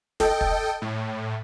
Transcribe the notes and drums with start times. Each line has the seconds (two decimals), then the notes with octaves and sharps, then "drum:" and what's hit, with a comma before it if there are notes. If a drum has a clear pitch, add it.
0.20 A4 D#5 G5, drum: snare
0.41 drum: kick
0.82 A2